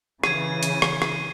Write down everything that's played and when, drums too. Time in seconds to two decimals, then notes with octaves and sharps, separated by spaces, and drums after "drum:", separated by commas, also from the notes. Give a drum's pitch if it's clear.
0.24 C#3 E3 G#6 D#7, drum: rim click
0.63 drum: hi-hat
0.82 drum: rim click
1.02 drum: rim click